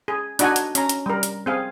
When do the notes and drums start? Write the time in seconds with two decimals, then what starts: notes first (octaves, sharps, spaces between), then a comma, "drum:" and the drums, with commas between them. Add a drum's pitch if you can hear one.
0.08 G#4
0.39 D4 D#4 F#4 D#5 F#5 G#5, drum: hi-hat
0.56 drum: hi-hat
0.75 C#4 A#5, drum: hi-hat
0.89 drum: hi-hat
1.06 G3 A#4
1.23 drum: hi-hat
1.46 C4 G#4 F5